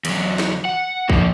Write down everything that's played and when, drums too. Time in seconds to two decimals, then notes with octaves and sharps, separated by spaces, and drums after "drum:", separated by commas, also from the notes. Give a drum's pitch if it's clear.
0.05 E2 F#3, drum: cymbal
0.39 drum: snare
0.65 F#5
1.10 F3 A#3, drum: kick